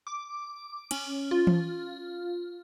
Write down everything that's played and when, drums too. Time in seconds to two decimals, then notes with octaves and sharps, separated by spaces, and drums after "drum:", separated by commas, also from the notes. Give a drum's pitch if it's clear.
0.07 D6
0.91 C#4, drum: cymbal
1.31 F4
1.47 drum: tom E3